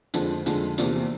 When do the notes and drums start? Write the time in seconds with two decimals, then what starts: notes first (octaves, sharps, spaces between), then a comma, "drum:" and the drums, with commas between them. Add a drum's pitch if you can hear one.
0.14 F2 D3 F3 G#3, drum: tambourine
0.46 F2 D3 F3 G#3, drum: tambourine
0.78 E2 C3 F3 A#3 D4, drum: tambourine